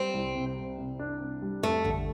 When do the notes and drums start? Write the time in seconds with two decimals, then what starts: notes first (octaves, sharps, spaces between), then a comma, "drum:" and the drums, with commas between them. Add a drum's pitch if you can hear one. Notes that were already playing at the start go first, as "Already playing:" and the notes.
Already playing: G3 C4
0.14 C2
0.36 C3
0.57 C3
0.78 C3
0.99 D4
1.20 C3
1.42 G3
1.63 F2 A3
1.84 D3, drum: tom A1